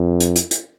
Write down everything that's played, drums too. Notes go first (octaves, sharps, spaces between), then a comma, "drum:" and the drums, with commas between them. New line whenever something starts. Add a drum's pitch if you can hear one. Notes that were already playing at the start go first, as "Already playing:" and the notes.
Already playing: F2
drum: hi-hat
drum: hi-hat
drum: hi-hat